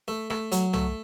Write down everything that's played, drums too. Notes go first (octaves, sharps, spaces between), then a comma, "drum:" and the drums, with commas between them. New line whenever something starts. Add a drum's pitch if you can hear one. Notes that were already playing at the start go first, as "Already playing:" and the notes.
A3
A3, drum: rim click
F#3, drum: hi-hat
A3, drum: tom C2